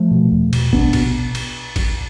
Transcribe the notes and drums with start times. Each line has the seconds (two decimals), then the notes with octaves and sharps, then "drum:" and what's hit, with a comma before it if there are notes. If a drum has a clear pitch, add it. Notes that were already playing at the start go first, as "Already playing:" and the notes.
Already playing: F3 A3
0.11 B2
0.32 E2
0.53 B2, drum: cymbal
0.73 C2 B3 D4, drum: kick
0.93 B2, drum: kick, cymbal
1.35 drum: cymbal
1.76 drum: kick, cymbal